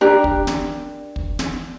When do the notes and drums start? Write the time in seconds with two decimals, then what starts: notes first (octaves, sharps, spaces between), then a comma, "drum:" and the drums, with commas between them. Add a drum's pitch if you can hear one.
0.01 D4 G4 A#4
0.24 drum: kick
0.47 drum: snare
1.16 drum: kick
1.39 drum: snare